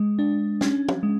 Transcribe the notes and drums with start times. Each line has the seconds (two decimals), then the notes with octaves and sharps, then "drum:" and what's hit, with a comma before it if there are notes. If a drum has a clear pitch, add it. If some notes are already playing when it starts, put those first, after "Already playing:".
Already playing: G#3
0.19 D4
0.61 C#4, drum: snare
0.89 drum: tom
1.03 G#3